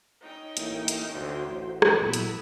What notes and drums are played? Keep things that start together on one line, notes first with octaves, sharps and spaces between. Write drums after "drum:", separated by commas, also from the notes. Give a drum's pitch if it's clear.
C#4 D#4 G5
A1 A#3 E4, drum: hi-hat
drum: hi-hat
D2 F#4 C5
A1
drum: rim click
A#2 F#3 B3 E4 A4
drum: hi-hat